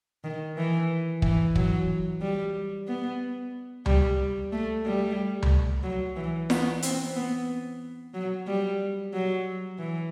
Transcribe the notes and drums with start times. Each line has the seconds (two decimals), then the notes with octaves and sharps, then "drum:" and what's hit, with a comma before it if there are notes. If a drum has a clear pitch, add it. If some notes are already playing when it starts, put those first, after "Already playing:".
0.24 D#3
0.57 E3
1.22 E3, drum: kick
1.55 F#3, drum: kick
2.21 G3
2.87 B3
3.86 G3, drum: tom C#2
4.52 A3
4.85 G3
5.43 drum: tom C#2
5.83 F#3
6.16 E3
6.50 B3, drum: snare
6.82 C4, drum: hi-hat
7.16 B3
8.14 F#3
8.47 G3
9.13 F#3
9.79 E3